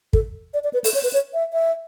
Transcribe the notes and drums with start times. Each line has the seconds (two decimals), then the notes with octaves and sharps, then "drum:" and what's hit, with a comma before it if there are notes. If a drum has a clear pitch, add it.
0.13 A4, drum: kick
0.54 D5
0.64 D5
0.74 B4
0.84 A4, drum: open hi-hat
0.94 C#5
1.03 B4
1.13 C#5
1.34 E5
1.53 E5